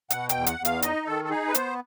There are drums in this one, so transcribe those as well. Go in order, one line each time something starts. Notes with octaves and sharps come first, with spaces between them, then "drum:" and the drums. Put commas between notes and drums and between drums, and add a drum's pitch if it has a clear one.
B2 F#5, drum: hi-hat
G5, drum: hi-hat
E2
F#5, drum: hi-hat
E2
F5, drum: hi-hat
D#4 D#5, drum: hi-hat
D#3 A4
A4
D#4 G#4
B4
B3 C5, drum: hi-hat